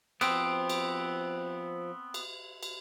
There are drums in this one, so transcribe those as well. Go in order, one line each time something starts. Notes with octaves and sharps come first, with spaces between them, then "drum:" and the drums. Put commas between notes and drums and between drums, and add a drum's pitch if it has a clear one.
F3 B3 C4, drum: cymbal
drum: cymbal
drum: cymbal
drum: cymbal